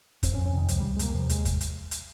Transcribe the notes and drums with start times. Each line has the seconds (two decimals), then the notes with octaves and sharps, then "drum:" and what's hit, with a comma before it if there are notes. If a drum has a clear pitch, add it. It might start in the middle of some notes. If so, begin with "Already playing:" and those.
0.23 F2 C4, drum: kick, hi-hat
0.34 C#4
0.38 F2
0.46 C#4
0.53 C3 D#3
0.68 C#2 F3, drum: hi-hat
0.80 C#2 G3
0.97 G#3
0.99 C3 A#3, drum: hi-hat
1.14 D#2 F3
1.29 D#2 G#3, drum: hi-hat
1.45 drum: kick, hi-hat
1.61 drum: hi-hat
1.91 drum: hi-hat